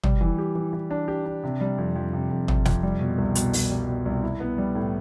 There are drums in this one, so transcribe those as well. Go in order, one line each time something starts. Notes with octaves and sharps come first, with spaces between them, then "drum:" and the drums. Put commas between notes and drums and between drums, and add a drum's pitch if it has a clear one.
G3, drum: tom
E3
G4
E3
E3
D4
G4
D4
C3
G3
F2
F2
C3
F2
C3, drum: tom
F2, drum: snare
G3
B2
C2
B2, drum: hi-hat
C2, drum: open hi-hat
G3
B2
C2
E4
B3
G3
A2